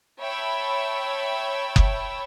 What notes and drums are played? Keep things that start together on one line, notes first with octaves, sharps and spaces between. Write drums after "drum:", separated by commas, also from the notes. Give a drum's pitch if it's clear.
C#5 E5 G5 A5 B5 E6
drum: kick F#1